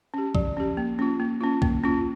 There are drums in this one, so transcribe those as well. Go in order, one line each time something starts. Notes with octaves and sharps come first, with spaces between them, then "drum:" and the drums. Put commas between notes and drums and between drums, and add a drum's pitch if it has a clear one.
C#4 G4
F3, drum: kick
C#4 G4
A#3
C#4 F4
A#3
C#4 F4
A#3, drum: kick
C#4 F4